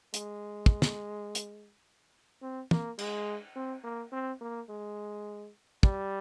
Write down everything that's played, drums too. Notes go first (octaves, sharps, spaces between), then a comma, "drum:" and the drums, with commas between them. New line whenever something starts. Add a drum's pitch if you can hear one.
G#3, drum: hi-hat
drum: kick
drum: snare
drum: hi-hat
C4
A#3, drum: tom
G#3, drum: cymbal
C4
A#3
C4
A#3
G#3
G3, drum: kick